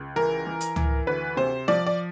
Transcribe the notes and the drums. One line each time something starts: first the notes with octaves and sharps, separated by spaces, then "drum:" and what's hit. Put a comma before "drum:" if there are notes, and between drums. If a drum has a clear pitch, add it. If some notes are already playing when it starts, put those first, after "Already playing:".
Already playing: C#2
E3 A#4
E3
drum: hi-hat
E3, drum: tom C#2
D2 B4
C3 C5
F3 D5
D5